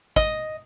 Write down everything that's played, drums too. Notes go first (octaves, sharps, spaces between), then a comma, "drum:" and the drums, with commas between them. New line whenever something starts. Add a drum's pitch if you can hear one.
D#5, drum: kick